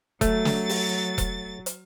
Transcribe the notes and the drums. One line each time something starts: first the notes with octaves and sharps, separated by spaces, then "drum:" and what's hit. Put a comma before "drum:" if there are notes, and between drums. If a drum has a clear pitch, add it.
F#3 A3 A6, drum: kick E1, hi-hat
drum: snare
drum: open hi-hat
drum: kick E1, hi-hat
drum: hi-hat